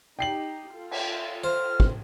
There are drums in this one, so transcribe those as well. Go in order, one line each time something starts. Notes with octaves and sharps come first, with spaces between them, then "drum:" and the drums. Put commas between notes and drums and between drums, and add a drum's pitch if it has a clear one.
D#4 G4 G5 C7 F#7
F4 A4
drum: cymbal
C5 F6
drum: kick